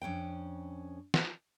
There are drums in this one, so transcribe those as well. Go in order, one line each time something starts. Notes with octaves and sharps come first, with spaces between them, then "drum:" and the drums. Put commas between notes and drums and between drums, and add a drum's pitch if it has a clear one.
F2 C#4 D4 G5
drum: snare